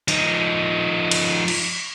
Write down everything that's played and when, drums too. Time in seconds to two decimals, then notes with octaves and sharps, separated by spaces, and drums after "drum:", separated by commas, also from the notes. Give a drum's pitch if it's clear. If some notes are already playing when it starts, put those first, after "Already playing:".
0.08 F3 D#4, drum: hi-hat
1.11 drum: cymbal
1.48 drum: cymbal